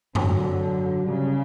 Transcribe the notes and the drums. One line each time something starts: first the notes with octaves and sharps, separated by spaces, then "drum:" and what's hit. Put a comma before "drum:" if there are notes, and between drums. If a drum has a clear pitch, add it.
D3 F#3, drum: tom F#2
F#3
C#3 G3